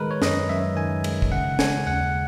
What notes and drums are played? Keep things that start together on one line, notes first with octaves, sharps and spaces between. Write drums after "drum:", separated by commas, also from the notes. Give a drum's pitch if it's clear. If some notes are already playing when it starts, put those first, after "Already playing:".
Already playing: D#3 G#3 A#4 B4
C#5
F#2 D#5, drum: snare
F#2 E5
D#3 G#5
G#3, drum: cymbal
drum: kick
C#3 F#5
G#3 G#5, drum: snare
D#2 F#5